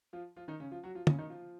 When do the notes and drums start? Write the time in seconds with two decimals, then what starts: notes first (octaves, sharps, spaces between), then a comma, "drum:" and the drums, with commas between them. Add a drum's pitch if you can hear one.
0.13 F3 F4
0.36 F3 F4
0.48 D#3 D#4
0.60 C#3 C#4
0.72 F3 F4
0.83 F#3 F#4
0.95 F3 F4
1.07 C#3 C#4, drum: tom
1.18 D#3 D#4
1.30 F3 F4